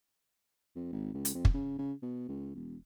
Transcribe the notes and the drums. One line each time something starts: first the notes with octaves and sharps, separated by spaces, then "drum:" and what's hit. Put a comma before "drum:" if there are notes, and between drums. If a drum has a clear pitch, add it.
F2
G#1
C#2
drum: hi-hat
F2
drum: kick
C#3
C#3
B2
C#2
E1